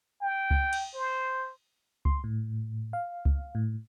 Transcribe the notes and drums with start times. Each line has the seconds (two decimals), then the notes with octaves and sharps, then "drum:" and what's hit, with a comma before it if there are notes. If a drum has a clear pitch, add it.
0.22 G5
0.51 drum: kick C#2
0.73 drum: cymbal
0.94 C5
2.05 C6, drum: kick C#2
2.24 A2
2.93 F5
3.25 drum: kick C#2
3.55 A2